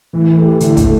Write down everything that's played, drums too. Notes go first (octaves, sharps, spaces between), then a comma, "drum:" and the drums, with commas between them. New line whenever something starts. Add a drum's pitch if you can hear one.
A2 E3
A3 G4
A2 D3, drum: hi-hat
A2, drum: kick, hi-hat
A3